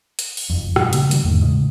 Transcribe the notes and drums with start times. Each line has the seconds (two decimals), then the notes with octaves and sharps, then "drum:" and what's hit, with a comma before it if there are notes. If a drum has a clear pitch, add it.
0.19 drum: hi-hat
0.37 drum: open hi-hat
0.50 F#1 F2
0.76 G2 A#2, drum: rim click
0.93 C#3 A#3, drum: hi-hat
1.11 D3 F#3 G3, drum: hi-hat
1.23 G1 E2 G#2 A3
1.42 A2 C#3 G#3